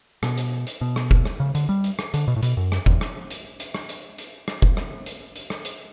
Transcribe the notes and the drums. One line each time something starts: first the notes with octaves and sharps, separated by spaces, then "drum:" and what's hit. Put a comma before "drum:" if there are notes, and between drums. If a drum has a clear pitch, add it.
B2, drum: rim click
drum: hi-hat
drum: hi-hat
B2
drum: rim click
drum: kick F1
drum: rim click
C#3
D3, drum: hi-hat
G3
drum: hi-hat
drum: rim click
D3, drum: hi-hat
B2
A2
B2, drum: hi-hat
F#2
drum: rim click
E2, drum: kick F1
drum: rim click
drum: hi-hat
drum: hi-hat
drum: rim click
drum: hi-hat
drum: hi-hat
drum: rim click
drum: kick F1
drum: rim click
drum: hi-hat
drum: hi-hat
drum: rim click
drum: hi-hat